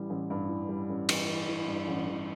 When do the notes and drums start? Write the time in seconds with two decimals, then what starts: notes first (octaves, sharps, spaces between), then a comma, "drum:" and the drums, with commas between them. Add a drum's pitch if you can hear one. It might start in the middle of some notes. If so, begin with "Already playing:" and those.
Already playing: A1 E3 G3
0.10 A1
0.30 G2
0.49 E3
0.69 G3
0.90 A1
1.09 E3, drum: cymbal
1.29 E3
1.49 E3
1.68 G2
1.88 A1
2.08 A1